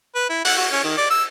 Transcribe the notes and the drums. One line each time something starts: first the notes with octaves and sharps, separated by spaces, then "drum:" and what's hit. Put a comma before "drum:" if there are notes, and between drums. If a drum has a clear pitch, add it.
B4
E4
F#5, drum: open hi-hat
F#4
C#4
D#3
D5
E6